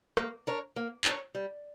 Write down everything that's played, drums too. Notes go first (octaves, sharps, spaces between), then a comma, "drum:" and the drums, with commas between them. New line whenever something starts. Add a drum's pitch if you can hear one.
A#3, drum: rim click
D4 A#4 C#5
A#3
D4 A#4 C#5, drum: clap
G3